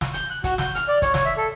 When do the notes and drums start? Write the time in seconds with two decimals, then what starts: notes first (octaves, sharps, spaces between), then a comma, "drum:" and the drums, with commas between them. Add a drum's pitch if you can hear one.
0.01 drum: snare
0.14 G6, drum: hi-hat
0.30 F#6
0.44 F#4, drum: kick, hi-hat
0.58 G6, drum: snare
0.75 F6, drum: hi-hat
0.88 D5
1.02 C#5, drum: kick, hi-hat
1.14 C#5, drum: snare
1.25 E5
1.37 A4